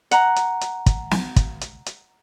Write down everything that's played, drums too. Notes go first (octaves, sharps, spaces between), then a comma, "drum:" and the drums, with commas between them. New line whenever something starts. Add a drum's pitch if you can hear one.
F#5 A#5, drum: hi-hat
drum: hi-hat
drum: hi-hat
drum: kick, hi-hat
drum: snare
drum: kick, hi-hat
drum: hi-hat
drum: hi-hat